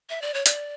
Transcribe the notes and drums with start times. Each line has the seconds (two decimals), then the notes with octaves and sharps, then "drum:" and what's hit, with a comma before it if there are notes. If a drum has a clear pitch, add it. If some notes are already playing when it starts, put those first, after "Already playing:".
0.09 E5
0.22 D5
0.34 C#5
0.46 D5, drum: hi-hat